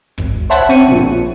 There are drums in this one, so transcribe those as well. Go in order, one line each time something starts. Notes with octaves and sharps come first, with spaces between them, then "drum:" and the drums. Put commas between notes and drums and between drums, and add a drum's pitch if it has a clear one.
G#1, drum: kick
C5 C#5 E5 F#5 A5 B5
C4 C#6 D#7
A#1 A#2